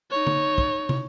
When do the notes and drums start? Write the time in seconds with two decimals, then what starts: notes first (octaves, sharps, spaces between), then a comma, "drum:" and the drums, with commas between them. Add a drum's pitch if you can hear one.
0.11 D#4 C#5
0.27 drum: tom
0.58 drum: kick
0.89 drum: tom